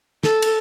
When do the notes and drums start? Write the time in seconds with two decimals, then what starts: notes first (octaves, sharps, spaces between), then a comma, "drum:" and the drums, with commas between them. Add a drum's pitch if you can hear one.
0.23 A4, drum: snare
0.42 drum: cymbal